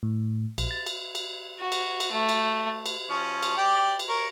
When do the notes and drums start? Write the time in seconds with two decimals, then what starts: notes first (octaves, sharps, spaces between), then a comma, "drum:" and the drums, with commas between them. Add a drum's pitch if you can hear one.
0.03 A2
0.58 A#1, drum: cymbal
0.71 A6
0.86 drum: cymbal
1.15 drum: cymbal
1.59 F#4
1.72 drum: cymbal
2.00 drum: cymbal
2.12 A3
2.29 drum: cymbal
2.86 drum: cymbal
3.10 F3 C#4
3.42 drum: cymbal
3.57 G4 D5 G5
3.99 drum: cymbal
4.09 A#4 C#5